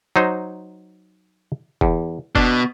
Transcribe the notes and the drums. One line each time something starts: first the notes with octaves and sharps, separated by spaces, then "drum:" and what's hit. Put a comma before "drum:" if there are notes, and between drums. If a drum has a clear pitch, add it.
F#3 D#4 C5
E2, drum: kick
B2 D4, drum: kick